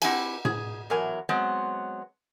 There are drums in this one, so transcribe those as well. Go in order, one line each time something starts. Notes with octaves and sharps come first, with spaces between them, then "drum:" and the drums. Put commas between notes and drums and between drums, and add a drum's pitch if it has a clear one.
C4 E4 G4 B4 F#5 G#5, drum: cymbal
G#4, drum: tom A2
E2 F#3 A#4 G#5
F#3 G#3 B3 C4